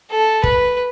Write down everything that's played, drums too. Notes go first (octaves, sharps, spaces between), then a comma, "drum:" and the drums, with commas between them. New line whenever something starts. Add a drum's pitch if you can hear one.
A4
B4, drum: kick